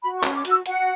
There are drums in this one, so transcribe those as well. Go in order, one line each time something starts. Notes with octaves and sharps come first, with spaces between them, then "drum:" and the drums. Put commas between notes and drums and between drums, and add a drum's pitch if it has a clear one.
F#4 B5
C#6
C#4, drum: clap
D6
F#4 E6, drum: hi-hat
F#4 F#5, drum: hi-hat